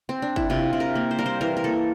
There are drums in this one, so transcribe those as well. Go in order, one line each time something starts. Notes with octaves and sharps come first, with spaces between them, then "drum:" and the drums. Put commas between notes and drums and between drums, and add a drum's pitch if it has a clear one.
C4
D4
E4, drum: kick G1
C3 F4
C3
A#4
A#3
C5
G3 A#4
C5
E3 A#4
A#4
A#3 A4